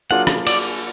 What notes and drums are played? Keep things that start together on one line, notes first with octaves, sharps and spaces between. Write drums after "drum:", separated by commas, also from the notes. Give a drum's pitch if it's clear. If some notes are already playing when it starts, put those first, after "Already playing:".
F#3 A#3 D4 F4 G#4 F#5
drum: rim click
D5, drum: cymbal